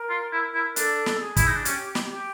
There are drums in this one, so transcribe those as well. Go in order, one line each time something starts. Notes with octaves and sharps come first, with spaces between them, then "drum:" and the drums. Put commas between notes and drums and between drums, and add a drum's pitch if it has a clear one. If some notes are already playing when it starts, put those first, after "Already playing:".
Already playing: A#4
F4
E4
E4
D4 A4, drum: hi-hat
drum: snare
G#4
E4, drum: kick, hi-hat
D#4
D4
C#4 G4, drum: hi-hat
drum: snare
G4